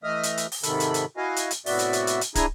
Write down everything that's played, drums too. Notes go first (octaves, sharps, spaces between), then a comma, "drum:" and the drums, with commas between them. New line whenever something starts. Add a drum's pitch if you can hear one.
E3 A3 D#5 E5 D#6 F6
drum: hi-hat
drum: hi-hat
drum: open hi-hat
G#2 C3 D#3 A4 B5, drum: hi-hat
drum: hi-hat
drum: hi-hat
E4 F#4 D#5 F5 G#5
drum: hi-hat
drum: hi-hat
A2 C3 B3 F#4 D5 E5, drum: open hi-hat
drum: hi-hat
drum: hi-hat
drum: hi-hat
drum: hi-hat
D4 E4 G#4 G#5 A#5, drum: kick, hi-hat